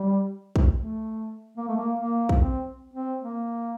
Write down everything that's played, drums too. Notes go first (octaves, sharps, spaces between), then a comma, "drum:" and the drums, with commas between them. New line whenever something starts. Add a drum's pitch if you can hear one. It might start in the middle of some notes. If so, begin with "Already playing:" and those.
Already playing: G3
drum: kick
A3
A#3
A3
A#3
A#3
drum: kick
C4
C4
A#3